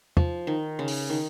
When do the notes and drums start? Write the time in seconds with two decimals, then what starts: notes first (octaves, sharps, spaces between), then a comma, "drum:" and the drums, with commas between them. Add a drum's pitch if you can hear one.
0.17 F3, drum: tom E2
0.47 D#3
0.79 C#3
0.88 drum: open hi-hat
1.10 D#3